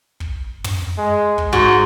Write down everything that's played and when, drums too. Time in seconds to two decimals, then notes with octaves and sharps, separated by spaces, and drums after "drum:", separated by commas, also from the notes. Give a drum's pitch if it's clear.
0.20 drum: kick
0.64 drum: tom
0.98 G#3
1.38 drum: kick
1.53 G#2 F#4